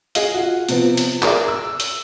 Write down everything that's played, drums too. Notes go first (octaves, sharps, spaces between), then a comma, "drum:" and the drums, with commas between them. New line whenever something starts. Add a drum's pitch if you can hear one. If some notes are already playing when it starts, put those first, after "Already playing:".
G#4 D#5 F5, drum: hi-hat
F4 F#4
C3 F3 B3, drum: hi-hat
drum: hi-hat
G#4 A#4 D5 E5, drum: clap
E6
drum: hi-hat